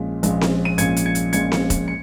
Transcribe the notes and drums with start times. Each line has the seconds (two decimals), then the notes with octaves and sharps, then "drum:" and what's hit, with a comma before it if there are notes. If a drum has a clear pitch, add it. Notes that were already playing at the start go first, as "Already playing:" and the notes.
Already playing: A#1 A#2 G#3 C#4
0.23 A#1 A#2 G#3 C#4, drum: hi-hat
0.41 drum: snare C4
0.65 D#7
0.78 A#1 A#2 G#3 C#4 G#6 C#7, drum: hi-hat
0.96 drum: hi-hat
1.06 G#6 C#7
1.15 drum: hi-hat
1.33 A#1 A#2 G#3 C#4 G#6 C#7, drum: hi-hat
1.52 drum: snare C4
1.70 drum: kick E1, hi-hat
1.88 C#7